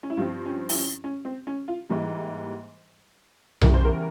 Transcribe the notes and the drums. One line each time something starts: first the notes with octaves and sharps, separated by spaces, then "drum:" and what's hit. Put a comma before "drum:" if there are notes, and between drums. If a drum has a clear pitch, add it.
C#4
E4
G2 F3 C4 F4
C#4
E4, drum: open hi-hat
C#4
C#4
C4
C#4
F4
G#2 E3 G3 A#3
E2 C#3 E3 G3 A#4, drum: tom B1
C5
A#4